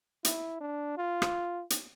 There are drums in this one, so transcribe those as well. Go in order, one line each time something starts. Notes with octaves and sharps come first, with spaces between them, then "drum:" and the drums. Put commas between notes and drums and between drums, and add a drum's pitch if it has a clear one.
E4, drum: hi-hat
D4
F4
drum: rim click
drum: hi-hat